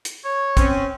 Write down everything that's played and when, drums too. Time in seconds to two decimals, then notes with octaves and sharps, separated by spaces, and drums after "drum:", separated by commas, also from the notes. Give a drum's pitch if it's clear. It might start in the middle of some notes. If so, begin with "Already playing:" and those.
0.05 drum: hi-hat
0.25 C#5
0.57 C4 C#4, drum: kick, hi-hat